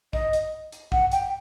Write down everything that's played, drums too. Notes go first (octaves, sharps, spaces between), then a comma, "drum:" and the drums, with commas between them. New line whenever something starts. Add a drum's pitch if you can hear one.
D#5, drum: kick
drum: hi-hat
drum: hi-hat
F#5, drum: kick
G5, drum: hi-hat